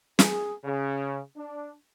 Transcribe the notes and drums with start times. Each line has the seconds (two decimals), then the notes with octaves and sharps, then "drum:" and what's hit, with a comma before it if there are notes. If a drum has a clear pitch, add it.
0.19 G#4, drum: snare
0.64 C#3
1.35 D4